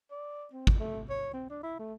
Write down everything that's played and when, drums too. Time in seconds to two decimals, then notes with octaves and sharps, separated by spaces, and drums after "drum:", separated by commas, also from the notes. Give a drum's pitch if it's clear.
0.11 D5
0.52 C4
0.67 drum: kick
0.80 A3
1.10 C#5
1.33 C4
1.50 D4
1.63 E4
1.79 A3